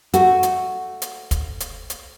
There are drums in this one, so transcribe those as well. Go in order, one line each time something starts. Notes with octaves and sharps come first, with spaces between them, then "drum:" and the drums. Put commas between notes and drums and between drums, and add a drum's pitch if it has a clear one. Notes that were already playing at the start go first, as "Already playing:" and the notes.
A3 F#4, drum: hi-hat
drum: hi-hat
drum: hi-hat
drum: kick, hi-hat
drum: hi-hat
drum: hi-hat